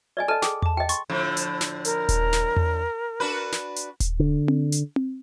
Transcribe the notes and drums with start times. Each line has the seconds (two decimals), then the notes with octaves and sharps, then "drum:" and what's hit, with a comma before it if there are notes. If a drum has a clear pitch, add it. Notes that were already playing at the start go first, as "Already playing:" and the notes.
0.17 D5 D#5 G#5
0.28 A4 D#5 A5 F6 D#7
0.42 G#4 G5 D#6, drum: snare
0.62 A5 D6, drum: tom E2
0.77 D#5 G5
0.89 C6 C#6 A6, drum: hi-hat
1.10 A2 D3 F3
1.37 drum: hi-hat
1.61 drum: snare
1.85 A#4, drum: hi-hat
2.09 drum: kick D#1, hi-hat
2.33 drum: snare
2.57 drum: tom E2
3.20 D4 F#4 B4
3.52 drum: snare
3.76 drum: hi-hat
4.00 drum: kick D#1, hi-hat
4.20 D3
4.48 drum: tom C4
4.72 drum: hi-hat
4.96 drum: tom C4